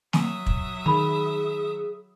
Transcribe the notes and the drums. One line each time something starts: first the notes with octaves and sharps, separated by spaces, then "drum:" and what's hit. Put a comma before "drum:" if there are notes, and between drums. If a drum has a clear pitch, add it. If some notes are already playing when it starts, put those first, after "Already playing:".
F#3 E5 D#6, drum: snare
drum: kick
D#3 G#4 B5